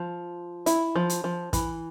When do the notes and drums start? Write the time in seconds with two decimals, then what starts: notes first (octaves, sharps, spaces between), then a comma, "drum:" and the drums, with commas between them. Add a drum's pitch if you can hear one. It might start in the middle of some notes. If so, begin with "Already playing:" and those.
Already playing: F3
0.66 E4, drum: hi-hat
0.96 F3
1.10 drum: hi-hat
1.24 F3
1.53 E3, drum: kick, hi-hat